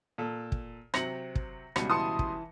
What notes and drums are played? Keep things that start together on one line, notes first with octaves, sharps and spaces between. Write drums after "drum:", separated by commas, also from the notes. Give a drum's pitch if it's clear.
A#2 A4
drum: kick
C3 F#3 C4 A#6 C#7 F#7, drum: rim click
drum: kick
C#2 B2 G3 C#7, drum: rim click
E3 A5 C6 D#6 C#7
drum: kick